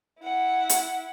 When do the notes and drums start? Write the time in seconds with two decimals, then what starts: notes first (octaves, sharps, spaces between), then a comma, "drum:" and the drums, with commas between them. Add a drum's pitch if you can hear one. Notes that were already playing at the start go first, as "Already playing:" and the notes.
0.21 E4 F#5
0.69 drum: hi-hat